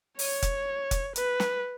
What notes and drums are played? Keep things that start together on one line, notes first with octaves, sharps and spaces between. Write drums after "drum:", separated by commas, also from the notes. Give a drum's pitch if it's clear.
C#5, drum: open hi-hat
drum: kick F1, hi-hat
drum: kick F1, hi-hat
B4, drum: hi-hat
drum: snare